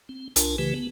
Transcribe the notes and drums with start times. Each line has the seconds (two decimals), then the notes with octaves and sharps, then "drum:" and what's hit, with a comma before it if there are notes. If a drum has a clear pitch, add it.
0.09 C4
0.36 C2 D4 F4 A#4 G#5 A5, drum: hi-hat
0.58 C#3 E3 A3 G4 B4
0.74 B3